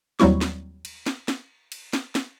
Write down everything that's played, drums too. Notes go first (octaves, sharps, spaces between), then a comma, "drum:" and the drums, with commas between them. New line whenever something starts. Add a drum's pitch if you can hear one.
D#2 F#3 G3 C4 E4 C#6, drum: snare
drum: snare
drum: cymbal
drum: snare
drum: snare
drum: cymbal
drum: snare
drum: snare